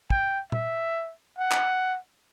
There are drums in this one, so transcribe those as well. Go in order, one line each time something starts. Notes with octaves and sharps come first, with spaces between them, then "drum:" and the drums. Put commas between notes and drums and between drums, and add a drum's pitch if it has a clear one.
G5, drum: kick
E5, drum: tom A#2
F#5
drum: clap